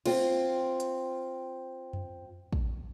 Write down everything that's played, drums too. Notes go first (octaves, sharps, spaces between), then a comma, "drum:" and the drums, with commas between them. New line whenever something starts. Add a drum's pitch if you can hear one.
C4 F4, drum: cymbal
drum: hi-hat
drum: tom F2
drum: kick